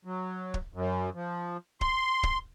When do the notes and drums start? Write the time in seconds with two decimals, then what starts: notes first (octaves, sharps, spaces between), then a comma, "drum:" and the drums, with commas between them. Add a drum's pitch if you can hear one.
0.05 F#3
0.54 drum: kick
0.74 F#2
1.15 F3
1.81 C6, drum: kick
2.23 drum: kick